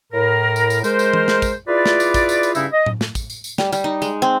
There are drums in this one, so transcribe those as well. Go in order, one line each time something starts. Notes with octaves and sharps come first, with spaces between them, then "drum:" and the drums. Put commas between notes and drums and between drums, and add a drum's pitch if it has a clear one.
A2 A#4
drum: tambourine
drum: tambourine
G#3 A#4 C5, drum: tambourine
drum: tambourine
drum: tom E3
drum: snare
drum: kick, tambourine
E4 F4 G#4 B4 D5
drum: snare
drum: tambourine
drum: kick, tambourine
drum: tambourine
drum: tambourine
G2 C#3 C#4 D#4 E4, drum: tambourine
D#5
drum: tom A2
drum: snare
drum: kick, tambourine
drum: tambourine
drum: tambourine
G3, drum: snare
G3, drum: tambourine
D#4
G#3, drum: tambourine
C4